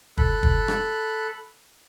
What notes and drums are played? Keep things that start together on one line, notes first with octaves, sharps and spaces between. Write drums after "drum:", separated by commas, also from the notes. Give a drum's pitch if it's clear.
A4 B5 F#6, drum: kick
drum: kick
drum: rim click